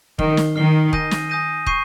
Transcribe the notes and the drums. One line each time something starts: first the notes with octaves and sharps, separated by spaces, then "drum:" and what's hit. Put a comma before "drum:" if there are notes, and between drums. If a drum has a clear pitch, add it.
D#3 F6 C7 G7, drum: kick
drum: snare
D#3 F6 C7 G7
G#5 D#6 G6 A#6 D#7, drum: kick
drum: snare
G#5 D#6 G6 A#6 D#7
C#6 G6 C7 D#7, drum: kick